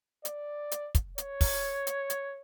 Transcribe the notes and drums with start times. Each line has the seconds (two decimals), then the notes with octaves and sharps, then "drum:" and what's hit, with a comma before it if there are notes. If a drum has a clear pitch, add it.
0.25 D5, drum: hi-hat
0.72 drum: hi-hat
0.95 drum: kick, hi-hat
1.18 C#5, drum: hi-hat
1.41 drum: kick, open hi-hat
1.87 drum: hi-hat
2.10 drum: hi-hat